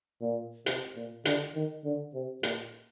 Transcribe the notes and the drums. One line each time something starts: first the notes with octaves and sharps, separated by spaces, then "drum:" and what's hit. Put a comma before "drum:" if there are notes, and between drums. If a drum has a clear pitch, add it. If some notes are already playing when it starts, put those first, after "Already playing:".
A#2
C3, drum: hi-hat
A#2
D3, drum: hi-hat
D#3
D3
C3
A#2, drum: hi-hat